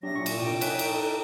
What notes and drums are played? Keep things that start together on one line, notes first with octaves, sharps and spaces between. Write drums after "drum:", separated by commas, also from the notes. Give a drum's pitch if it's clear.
F#3 D4 G4 E5 A#6
A#2 C#6
drum: cymbal
C3 F3 D4 G5
D#4 C#5 G#5 F#6 B6, drum: cymbal
drum: cymbal
A4